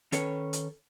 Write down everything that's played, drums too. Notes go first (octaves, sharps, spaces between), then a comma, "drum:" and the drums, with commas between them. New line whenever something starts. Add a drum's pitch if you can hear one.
D#3 C#4 A4 B4 C#5, drum: hi-hat
drum: hi-hat